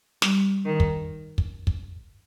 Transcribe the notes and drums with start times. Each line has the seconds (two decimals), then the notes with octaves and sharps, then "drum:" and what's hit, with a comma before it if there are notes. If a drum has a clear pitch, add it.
0.22 G3, drum: snare
0.65 D#3
0.80 drum: kick
1.38 drum: kick
1.67 drum: kick